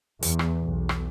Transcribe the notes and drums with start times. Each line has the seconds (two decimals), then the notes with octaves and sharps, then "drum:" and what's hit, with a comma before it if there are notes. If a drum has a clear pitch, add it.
0.23 E2, drum: hi-hat
0.39 drum: rim click
0.63 B1
0.89 drum: rim click